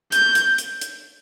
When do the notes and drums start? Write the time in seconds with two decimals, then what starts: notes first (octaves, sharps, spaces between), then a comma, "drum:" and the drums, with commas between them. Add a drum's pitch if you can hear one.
0.12 G6, drum: hi-hat
0.35 drum: hi-hat
0.58 drum: hi-hat
0.81 drum: hi-hat